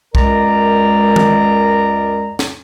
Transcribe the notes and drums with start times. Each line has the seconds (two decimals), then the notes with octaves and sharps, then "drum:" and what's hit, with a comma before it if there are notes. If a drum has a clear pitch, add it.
0.15 C#2 F#2 G#3 A#4 D5 A#5, drum: kick B1
1.16 drum: tom
2.39 drum: snare